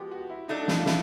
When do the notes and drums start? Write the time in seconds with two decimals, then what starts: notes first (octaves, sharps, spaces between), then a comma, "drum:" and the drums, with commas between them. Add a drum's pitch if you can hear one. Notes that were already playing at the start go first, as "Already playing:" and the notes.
Already playing: F3 G#3 B3 F#4 G4
0.11 F#4
0.30 E4
0.48 F#3 A3 D4 D#4
0.68 F4, drum: snare
0.86 E4, drum: snare